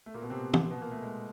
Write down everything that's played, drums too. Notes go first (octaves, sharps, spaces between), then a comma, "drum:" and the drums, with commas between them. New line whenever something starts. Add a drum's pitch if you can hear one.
A3
A#2 A#3
B2 B3
C3 C4
drum: tom
B2 B3
A#2 A#3
A3
G#3